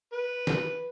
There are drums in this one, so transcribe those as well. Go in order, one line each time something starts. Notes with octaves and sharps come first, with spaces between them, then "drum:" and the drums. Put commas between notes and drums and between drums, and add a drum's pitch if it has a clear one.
B4
drum: snare